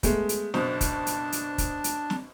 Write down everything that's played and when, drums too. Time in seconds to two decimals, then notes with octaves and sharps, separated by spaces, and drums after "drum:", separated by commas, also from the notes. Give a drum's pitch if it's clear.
0.03 G#3 A3 B3, drum: kick, hi-hat
0.29 drum: hi-hat
0.54 F#1 B2 D4 C5 A5, drum: snare
0.81 drum: kick, hi-hat
1.07 drum: hi-hat
1.32 drum: hi-hat
1.58 drum: kick, hi-hat
1.84 drum: hi-hat
2.10 drum: snare